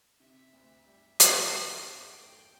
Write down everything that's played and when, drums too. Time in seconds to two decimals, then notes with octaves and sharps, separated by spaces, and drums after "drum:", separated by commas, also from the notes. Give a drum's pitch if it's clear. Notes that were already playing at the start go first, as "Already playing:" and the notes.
0.20 C3 E5
0.53 D2
0.86 G3
1.20 B3, drum: hi-hat
1.53 D3 G5
1.86 E2
2.19 A3